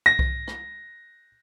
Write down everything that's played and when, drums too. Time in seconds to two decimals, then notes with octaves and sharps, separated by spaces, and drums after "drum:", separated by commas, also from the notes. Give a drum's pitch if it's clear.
0.06 A#6
0.19 drum: kick C2
0.48 drum: rim click